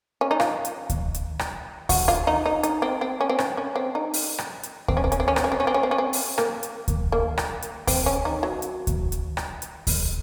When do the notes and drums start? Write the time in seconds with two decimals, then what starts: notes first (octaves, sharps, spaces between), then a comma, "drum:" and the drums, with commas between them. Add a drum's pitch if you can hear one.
0.21 C#4
0.31 D#4
0.40 F4, drum: rim click
0.65 drum: hi-hat
0.90 drum: kick D2, hi-hat
1.14 drum: hi-hat
1.39 drum: rim click
1.89 F#4, drum: kick D2, open hi-hat
2.08 F4
2.27 D#4
2.46 D#4
2.63 D#4, drum: hi-hat
2.82 C4
3.01 C4
3.21 C#4
3.29 C4
3.39 C#4, drum: rim click
3.57 C#4
3.76 C4
3.95 D#4
4.14 drum: open hi-hat
4.38 drum: rim click
4.63 drum: hi-hat
4.88 C4, drum: kick D2
4.97 C#4
5.04 C4
5.12 C#4, drum: hi-hat
5.20 C4
5.28 C#4
5.36 C4, drum: rim click
5.44 C#4
5.52 C4
5.60 C#4
5.67 C4
5.74 C#4
5.83 C4
5.91 C#4
5.98 C4
6.13 drum: open hi-hat
6.38 A#3, drum: rim click
6.63 drum: hi-hat
6.88 drum: kick D2, hi-hat
7.12 A#3
7.38 drum: rim click
7.62 drum: hi-hat
7.87 C4, drum: kick D2, open hi-hat
8.06 C#4
8.25 D#4
8.43 F#3
8.62 drum: hi-hat
8.87 drum: kick D2, hi-hat
9.12 drum: hi-hat
9.37 drum: rim click
9.62 drum: hi-hat
9.87 drum: kick D2, open hi-hat